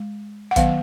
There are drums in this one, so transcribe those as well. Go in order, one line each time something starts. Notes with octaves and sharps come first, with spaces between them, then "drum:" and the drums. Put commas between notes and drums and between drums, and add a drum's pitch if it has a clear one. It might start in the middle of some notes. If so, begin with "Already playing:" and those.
Already playing: G#3
F#5
D#3 F#3 B3 F5, drum: kick, hi-hat